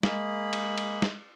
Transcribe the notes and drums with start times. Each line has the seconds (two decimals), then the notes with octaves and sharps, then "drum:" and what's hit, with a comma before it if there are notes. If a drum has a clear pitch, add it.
0.03 G#3 A#3 G#4 B5, drum: snare
0.53 drum: cymbal
0.78 drum: cymbal
1.02 drum: snare